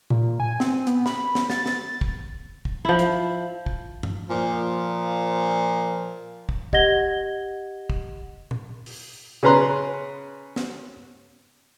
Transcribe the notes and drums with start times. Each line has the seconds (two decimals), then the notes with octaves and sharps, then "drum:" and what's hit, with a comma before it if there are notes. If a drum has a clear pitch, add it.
0.10 A#2, drum: tom C3
0.40 G#5
0.60 C4, drum: snare
0.87 B3, drum: hi-hat
1.06 B5, drum: snare
1.35 drum: snare
1.50 A6, drum: snare
1.66 drum: snare
2.01 drum: kick
2.65 drum: kick
2.85 F3 E4
2.99 drum: hi-hat
3.66 drum: kick
4.03 drum: tom
4.29 A#2 F3
6.49 drum: kick
6.73 G4 D#5 F#5 G#6 A#6 G7, drum: kick
7.90 drum: kick
8.51 drum: tom A#2
8.86 drum: open hi-hat
9.43 C#3 C#4 B4 A#5 C6 F#6
10.56 drum: snare